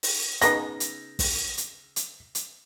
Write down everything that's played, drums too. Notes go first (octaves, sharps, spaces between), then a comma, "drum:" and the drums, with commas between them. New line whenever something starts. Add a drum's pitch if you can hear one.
drum: open hi-hat
C#3 B3 D#4 A#6, drum: hi-hat
drum: hi-hat
drum: kick, open hi-hat
drum: hi-hat
drum: hi-hat
drum: hi-hat